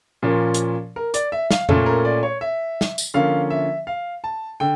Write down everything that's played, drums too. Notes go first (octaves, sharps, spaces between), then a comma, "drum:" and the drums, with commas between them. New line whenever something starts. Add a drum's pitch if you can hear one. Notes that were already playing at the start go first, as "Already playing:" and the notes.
A#2 F3 A#3 C#4
drum: hi-hat
A#4
D5, drum: hi-hat
E5
F5, drum: snare
A#2 A3 C#4 A4, drum: tom F2
A#4
D5
C#5
E5
drum: snare
drum: tambourine
D3 F3 A#3 C#4 F5
E5
F5
A5
D3 G5